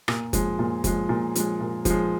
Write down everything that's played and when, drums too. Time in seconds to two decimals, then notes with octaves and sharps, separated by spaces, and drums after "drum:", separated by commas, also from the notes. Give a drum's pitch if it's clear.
0.08 A#2, drum: rim click
0.33 F3 G#3, drum: kick F#1, hi-hat
0.59 A#2
0.84 F3 G#3, drum: kick F#1, hi-hat
1.09 A#2
1.35 F3 G#3, drum: hi-hat
1.60 A#2
1.85 F3 G#3, drum: kick F#1, hi-hat